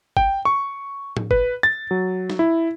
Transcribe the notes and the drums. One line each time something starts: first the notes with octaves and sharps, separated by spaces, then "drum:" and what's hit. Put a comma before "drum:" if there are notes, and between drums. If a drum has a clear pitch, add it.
G5, drum: kick
C#6
drum: tom A2
B4, drum: kick
A6
F#3
drum: snare
E4